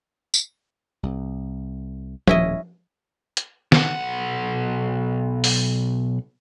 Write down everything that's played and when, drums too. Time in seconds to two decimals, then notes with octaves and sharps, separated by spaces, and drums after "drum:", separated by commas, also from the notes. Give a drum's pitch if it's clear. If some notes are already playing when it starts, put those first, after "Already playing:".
0.34 drum: tambourine
1.03 C2
2.27 D#1 A2 C#4 E4 D#5, drum: tom F3
3.37 drum: hi-hat
3.72 B1 F#5, drum: snare
5.44 drum: open hi-hat